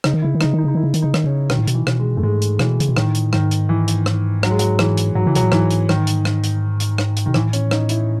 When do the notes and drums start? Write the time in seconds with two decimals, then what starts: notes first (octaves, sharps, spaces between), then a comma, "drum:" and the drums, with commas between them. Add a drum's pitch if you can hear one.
0.04 C#3 D#4, drum: rim click
0.14 D#3
0.22 C#3 E4
0.35 D#3
0.41 D#4, drum: rim click
0.44 C#3
0.54 D#3 D#4
0.64 C#3 D#4
0.75 D#3 E4
0.84 C#3
0.94 D#3, drum: hi-hat
1.02 C#3 D#4
1.14 D#3, drum: rim click
1.24 C#3 C#4
1.50 B2 D#3, drum: rim click
1.59 A2
1.67 B2, drum: hi-hat
1.74 E3
1.87 B2, drum: rim click
2.00 G#3
2.17 F#2 A3
2.23 G#2 G#3
2.42 drum: hi-hat
2.59 B2 E3, drum: rim click
2.80 C#3, drum: hi-hat
2.89 B2
2.97 A2 D#3, drum: rim click
3.15 drum: hi-hat
3.33 G#2 D#3, drum: rim click
3.51 drum: hi-hat
3.69 E3
3.88 drum: hi-hat
4.06 drum: rim click
4.43 F#3, drum: rim click
4.51 G#3
4.59 F#3, drum: hi-hat
4.79 E3, drum: rim click
4.97 drum: hi-hat
5.15 G#2 F#3
5.26 C#3 E3
5.35 B2 F#3, drum: hi-hat
5.43 A2
5.52 G#2 E3, drum: rim click
5.71 drum: hi-hat
5.89 D#3, drum: rim click
6.07 drum: hi-hat
6.25 drum: rim click
6.44 drum: hi-hat
6.80 drum: hi-hat
6.98 drum: rim click
7.17 drum: hi-hat
7.26 B2 D#3
7.34 A2 E3, drum: rim click
7.53 C#4, drum: hi-hat
7.71 D#4, drum: rim click
7.89 E4, drum: hi-hat